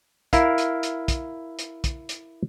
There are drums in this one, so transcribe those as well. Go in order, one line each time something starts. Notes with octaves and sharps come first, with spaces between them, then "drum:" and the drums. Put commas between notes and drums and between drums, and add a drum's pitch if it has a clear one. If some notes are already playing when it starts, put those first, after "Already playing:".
E4 A#4 F5, drum: kick, hi-hat
drum: hi-hat
drum: hi-hat
drum: kick, hi-hat
drum: hi-hat
drum: kick, hi-hat
drum: hi-hat